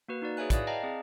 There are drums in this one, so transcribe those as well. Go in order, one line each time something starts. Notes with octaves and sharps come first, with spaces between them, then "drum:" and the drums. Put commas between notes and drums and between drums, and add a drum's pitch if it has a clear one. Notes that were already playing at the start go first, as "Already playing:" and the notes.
A#3 F#4 B4
D#4 F#4 D5
G#4 B4 C#5 E5 G#5 F#6
E4 D5 F5 D#6, drum: kick, hi-hat
D5 D#5 F5 G5 A5 A#5
C4 G#4